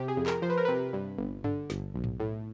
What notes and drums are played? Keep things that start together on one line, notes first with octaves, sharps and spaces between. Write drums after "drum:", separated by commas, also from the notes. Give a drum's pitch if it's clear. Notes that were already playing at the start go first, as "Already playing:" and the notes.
Already playing: C3 G4
G#4
F2
A#4, drum: clap
F3 C5
B4
A#4
C3 B4
G2
G1
D3, drum: tom G2
G1, drum: snare
B1
drum: tom G#2
A2